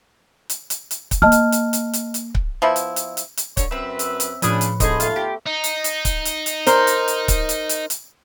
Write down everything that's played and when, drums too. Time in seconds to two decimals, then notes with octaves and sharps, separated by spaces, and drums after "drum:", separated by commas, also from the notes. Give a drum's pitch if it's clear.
0.50 drum: hi-hat
0.70 drum: hi-hat
0.91 drum: hi-hat
1.11 drum: kick C#1, hi-hat
1.22 A#3 D#5 A5 F6
1.32 drum: hi-hat
1.52 drum: hi-hat
1.73 drum: hi-hat
1.93 drum: hi-hat
2.14 drum: hi-hat
2.35 drum: kick C#1
2.62 F3 B3 E4
2.76 drum: hi-hat
2.96 drum: hi-hat
3.17 drum: hi-hat
3.37 drum: hi-hat
3.57 D3 C#5, drum: kick C#1, hi-hat
3.71 F#2 C4 B4 E5
3.99 drum: hi-hat
4.20 drum: hi-hat
4.42 A2 C#3 F3 D4 B4 C#5 G#5 D#6, drum: hi-hat
4.61 drum: hi-hat
4.80 G2 E3 B3 D#4 G#4 A4 C5 D#5, drum: kick C#1, hi-hat
5.00 D#2 A3 F4 F5, drum: hi-hat
5.16 G4
5.46 D#4
5.64 drum: hi-hat
5.84 drum: hi-hat
6.05 drum: kick C#1, hi-hat
6.25 drum: hi-hat
6.46 drum: hi-hat
6.67 A#4 C5, drum: hi-hat
6.87 drum: hi-hat
7.08 drum: hi-hat
7.28 drum: kick C#1, hi-hat
7.49 drum: hi-hat
7.69 drum: hi-hat
7.90 drum: hi-hat